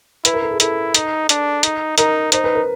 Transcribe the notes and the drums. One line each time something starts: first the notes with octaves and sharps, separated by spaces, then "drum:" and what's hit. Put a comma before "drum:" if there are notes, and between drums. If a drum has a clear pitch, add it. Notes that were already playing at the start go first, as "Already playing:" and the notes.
E4 B4, drum: hi-hat
A#4
A4
G#4
E4 A4, drum: hi-hat
D#4, drum: hi-hat
D4, drum: hi-hat
D#4, drum: hi-hat
D#4 A#4, drum: hi-hat
D#4 C5, drum: hi-hat
B4
A#4